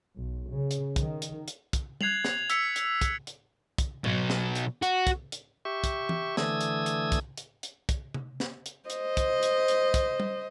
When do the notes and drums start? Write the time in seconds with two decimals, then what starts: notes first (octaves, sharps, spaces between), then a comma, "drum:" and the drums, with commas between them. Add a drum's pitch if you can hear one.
0.17 B1
0.51 C#3
0.71 drum: hi-hat
0.96 D#3, drum: kick, hi-hat
1.22 drum: hi-hat
1.48 drum: hi-hat
1.73 drum: kick, hi-hat
2.01 F#6 G#6 C7 F7 F#7, drum: tom G3
2.25 drum: snare
2.50 E6 B6 C#7, drum: hi-hat
2.76 drum: hi-hat
3.02 drum: kick, hi-hat
3.27 drum: hi-hat
3.78 drum: kick, hi-hat
4.04 B2 F#3, drum: tom G#2
4.30 drum: snare
4.55 drum: hi-hat
4.83 F#4, drum: hi-hat
5.07 drum: kick, hi-hat
5.32 drum: hi-hat
5.65 G4 E5 C#6
5.84 drum: kick, hi-hat
6.09 drum: tom E3
6.37 D3 E3 A3 D#6 E6 G#6, drum: snare
6.61 drum: hi-hat
6.86 drum: hi-hat
7.12 drum: kick, hi-hat
7.37 drum: hi-hat
7.63 drum: hi-hat
7.89 drum: kick, hi-hat
8.14 drum: tom C3
8.40 drum: snare
8.66 drum: hi-hat
8.90 C5 D#5, drum: hi-hat
9.17 drum: kick, hi-hat
9.43 drum: hi-hat
9.68 drum: hi-hat
9.94 drum: kick, hi-hat
10.20 drum: tom G3